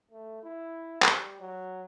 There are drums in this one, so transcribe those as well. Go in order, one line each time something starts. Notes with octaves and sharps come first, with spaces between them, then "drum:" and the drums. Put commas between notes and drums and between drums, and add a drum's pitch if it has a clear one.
A3
E4
G3, drum: clap
F#3